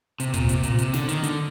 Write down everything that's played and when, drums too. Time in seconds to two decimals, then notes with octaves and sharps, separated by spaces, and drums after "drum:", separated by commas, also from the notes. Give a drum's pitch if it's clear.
0.20 C3, drum: hi-hat
0.34 A#2, drum: kick, hi-hat
0.49 C3, drum: hi-hat
0.63 A#2, drum: hi-hat
0.79 C3, drum: hi-hat
0.94 D3, drum: snare
1.09 D#3, drum: hi-hat
1.23 D3, drum: hi-hat